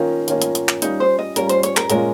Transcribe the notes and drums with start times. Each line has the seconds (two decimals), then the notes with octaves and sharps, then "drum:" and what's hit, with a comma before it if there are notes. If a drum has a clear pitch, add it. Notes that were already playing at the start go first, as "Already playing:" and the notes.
Already playing: D#3 A#3 C#4 D#4 F4
0.28 D#3 A#3 C#4 F4, drum: hi-hat
0.42 drum: hi-hat
0.55 drum: hi-hat
0.69 drum: clap
0.82 G3 C#4 D#4 F4, drum: hi-hat
1.00 C5
1.19 D#5
1.36 G3 C#4 F4 A#4, drum: hi-hat
1.49 C5, drum: hi-hat
1.63 C#5, drum: hi-hat
1.77 A#4, drum: clap
1.90 A#2 G#3 C#4 F4 A#4, drum: hi-hat